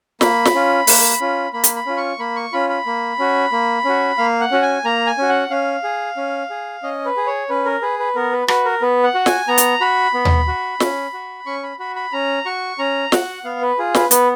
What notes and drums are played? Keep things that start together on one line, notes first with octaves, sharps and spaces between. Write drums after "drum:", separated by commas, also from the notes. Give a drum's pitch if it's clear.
A#3 B5, drum: snare
drum: snare
C#4 F4
A#3, drum: open hi-hat
C#4 F4
A#3 B5
drum: hi-hat
B5
C#4 F4
C#6
A#3 B5
C#6
C#4 F4 B5
B5
A#3
C#4 F#4
A#3
C#4 F#4
A#3 F5
F#5
C#4 F#4
G#5
A#3 A#5
G#5
C#4 F#4
F#5
C#4 F5
G#4
C#4
G#4
C#4 D#5
B4
G#4
C#5
C#4 B4
A#4
G#4 B4
B4
B3 A#4
B4
F#4 B4, drum: rim click
A#4
B3 B4
F#5
F#4
G#5, drum: snare
B3 A#5
drum: hi-hat
F#4 B5
B3
drum: tom D#2
F#4
C#4, drum: snare
F#4
C#4 C#6
B5
F#4 B5
B5
C#4 A#5
F#4 C#6
C#4 A#5
F#4 F#5, drum: snare
B3 F5
B4
F4 G#4
B4, drum: snare
B3 B4, drum: hi-hat